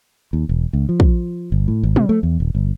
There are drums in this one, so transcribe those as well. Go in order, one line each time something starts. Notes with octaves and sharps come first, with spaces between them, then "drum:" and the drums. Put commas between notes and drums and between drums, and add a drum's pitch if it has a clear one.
D#2
E1
C#2
F3
drum: kick
G1
A2
G#1
C3, drum: tom
A3
E2
D#1
G1